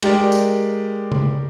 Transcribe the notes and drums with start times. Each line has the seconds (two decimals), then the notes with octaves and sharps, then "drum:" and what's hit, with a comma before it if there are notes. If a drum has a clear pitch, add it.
0.02 G#3 G4 A#4 D5, drum: cymbal
0.32 drum: tambourine
1.12 drum: tom C#3